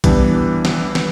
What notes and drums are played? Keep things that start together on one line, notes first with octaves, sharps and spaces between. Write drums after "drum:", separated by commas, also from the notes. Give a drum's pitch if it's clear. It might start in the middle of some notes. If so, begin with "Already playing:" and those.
E3 G3 B3 D4, drum: kick A#1, hi-hat
drum: snare
drum: snare